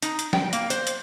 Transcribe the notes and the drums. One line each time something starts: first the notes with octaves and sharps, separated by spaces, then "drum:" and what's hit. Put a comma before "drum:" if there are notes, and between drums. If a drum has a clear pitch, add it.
D#4, drum: hi-hat
drum: hi-hat
G5, drum: snare
A#3, drum: hi-hat
C5, drum: hi-hat
drum: hi-hat